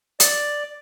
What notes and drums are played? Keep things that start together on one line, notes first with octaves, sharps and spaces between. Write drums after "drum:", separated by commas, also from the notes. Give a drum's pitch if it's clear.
D5, drum: hi-hat